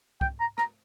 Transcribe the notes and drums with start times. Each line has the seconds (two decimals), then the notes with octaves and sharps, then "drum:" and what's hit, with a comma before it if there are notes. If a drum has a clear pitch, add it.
0.21 G5, drum: kick
0.40 A#5
0.58 A#5, drum: rim click